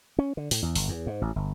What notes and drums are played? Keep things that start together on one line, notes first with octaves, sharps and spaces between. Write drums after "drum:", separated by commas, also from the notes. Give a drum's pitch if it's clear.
C#4
D3
A2, drum: open hi-hat
E2
G1, drum: open hi-hat
E2
G#2
A1
G1